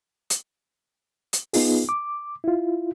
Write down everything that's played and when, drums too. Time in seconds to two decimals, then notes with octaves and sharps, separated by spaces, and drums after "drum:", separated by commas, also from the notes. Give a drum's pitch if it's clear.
0.30 drum: hi-hat
1.33 drum: hi-hat
1.53 B3 D#4 F4 G#4, drum: open hi-hat
1.89 D6
2.44 E4 F4